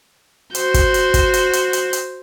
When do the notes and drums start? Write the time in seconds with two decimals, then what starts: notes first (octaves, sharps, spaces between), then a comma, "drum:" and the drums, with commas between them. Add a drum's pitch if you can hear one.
0.55 F#4 C5, drum: hi-hat
0.74 drum: kick, hi-hat
0.94 drum: hi-hat
1.14 drum: kick, hi-hat
1.34 drum: hi-hat
1.53 drum: hi-hat
1.73 drum: hi-hat
1.93 drum: hi-hat